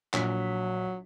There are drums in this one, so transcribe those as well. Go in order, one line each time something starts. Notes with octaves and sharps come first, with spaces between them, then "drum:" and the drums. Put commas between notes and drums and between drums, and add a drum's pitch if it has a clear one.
A#1 F#3 B6, drum: clap